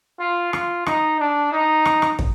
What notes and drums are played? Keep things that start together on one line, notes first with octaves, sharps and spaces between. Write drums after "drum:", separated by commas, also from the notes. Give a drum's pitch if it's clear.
F4
F4, drum: rim click
D#4, drum: rim click
D4
D#4
drum: rim click
drum: rim click
drum: kick